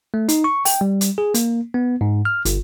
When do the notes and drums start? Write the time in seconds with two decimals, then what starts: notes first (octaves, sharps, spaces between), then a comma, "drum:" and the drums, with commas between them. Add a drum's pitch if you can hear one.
0.14 A3
0.29 D#4, drum: hi-hat
0.44 C#6
0.65 G5, drum: open hi-hat
0.81 G3
1.01 drum: hi-hat
1.18 G#4
1.34 A#3, drum: hi-hat
1.74 B3
2.01 G#2
2.25 F6
2.45 G1, drum: hi-hat